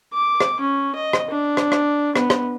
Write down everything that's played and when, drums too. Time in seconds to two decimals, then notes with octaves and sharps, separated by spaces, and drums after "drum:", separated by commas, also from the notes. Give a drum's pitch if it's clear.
0.14 D6
0.40 drum: rim click
0.61 C#4
0.96 D#5
1.13 drum: rim click
1.30 D4
1.57 drum: rim click
1.72 drum: rim click
2.16 B3, drum: rim click
2.30 drum: rim click